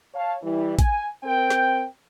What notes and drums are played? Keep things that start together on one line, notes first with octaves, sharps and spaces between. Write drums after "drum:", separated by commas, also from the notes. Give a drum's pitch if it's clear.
C#5 F5 A5
E3 G3 E4
G#5, drum: kick A1, hi-hat
C4 A#4 G5
drum: snare